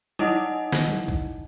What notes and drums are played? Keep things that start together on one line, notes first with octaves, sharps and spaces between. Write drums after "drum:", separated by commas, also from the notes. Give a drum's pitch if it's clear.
D#4 E4 D#5 F#5, drum: tom F#3
drum: snare
drum: tom F#3
drum: kick